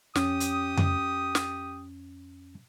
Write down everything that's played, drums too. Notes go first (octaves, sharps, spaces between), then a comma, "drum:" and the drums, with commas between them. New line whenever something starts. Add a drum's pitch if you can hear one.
F2 C#4 G4 D#6, drum: snare
drum: hi-hat
drum: tom F2
drum: snare